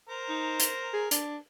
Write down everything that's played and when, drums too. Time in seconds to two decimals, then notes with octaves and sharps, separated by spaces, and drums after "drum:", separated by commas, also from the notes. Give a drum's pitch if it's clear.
0.09 A#4 C5 A#5
0.29 D#4
0.60 drum: hi-hat
0.93 G#4
1.11 D4, drum: hi-hat